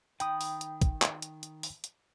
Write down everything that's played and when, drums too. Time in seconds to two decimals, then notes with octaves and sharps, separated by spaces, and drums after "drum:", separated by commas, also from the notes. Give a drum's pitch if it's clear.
0.20 D#3 G5 B5 D#6, drum: hi-hat
0.41 drum: open hi-hat
0.61 drum: hi-hat
0.82 drum: kick, hi-hat
1.02 drum: clap
1.22 drum: hi-hat
1.43 drum: hi-hat
1.63 drum: open hi-hat
1.84 drum: hi-hat